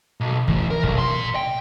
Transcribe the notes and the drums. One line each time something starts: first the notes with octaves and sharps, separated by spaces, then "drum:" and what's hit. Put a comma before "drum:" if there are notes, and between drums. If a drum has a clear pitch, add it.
B1
A2 E3, drum: kick
A#4
B1, drum: kick
A#2 C6
G5